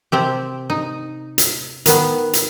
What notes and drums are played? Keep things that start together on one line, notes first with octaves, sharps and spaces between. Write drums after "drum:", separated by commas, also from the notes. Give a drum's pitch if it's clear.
C3 C4 G4
D#4
drum: hi-hat
D#3 B3, drum: hi-hat
drum: hi-hat